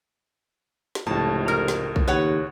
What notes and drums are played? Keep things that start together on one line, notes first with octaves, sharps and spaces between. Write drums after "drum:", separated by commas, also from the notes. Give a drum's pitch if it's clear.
drum: snare
F1 C#2 A2 A5
A#4
drum: snare
drum: kick B1
D#2 B4 C#5 F#5